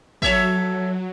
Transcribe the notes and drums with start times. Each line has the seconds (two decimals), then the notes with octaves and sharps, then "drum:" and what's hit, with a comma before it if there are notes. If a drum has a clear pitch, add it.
0.22 F#3 A4 C#5 E5, drum: kick